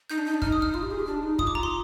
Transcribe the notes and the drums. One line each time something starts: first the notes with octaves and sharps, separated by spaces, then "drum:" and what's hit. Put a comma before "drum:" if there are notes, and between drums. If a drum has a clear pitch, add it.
D#4 G6
D4
D#4
D4
D#4 F6, drum: kick
D#6
F6
F4 F6
G4
G#4
G4
D4
D#4
F4 D#6, drum: kick
D6
A#5
C6